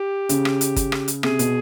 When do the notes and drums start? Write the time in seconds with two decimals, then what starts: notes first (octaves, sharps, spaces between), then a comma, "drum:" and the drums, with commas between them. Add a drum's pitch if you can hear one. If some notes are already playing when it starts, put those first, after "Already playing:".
Already playing: G4
0.29 C#3, drum: hi-hat
0.45 drum: rim click
0.61 drum: hi-hat
0.76 drum: kick, hi-hat
0.92 drum: rim click
1.08 drum: hi-hat
1.23 C3 G#4, drum: rim click
1.39 B2, drum: hi-hat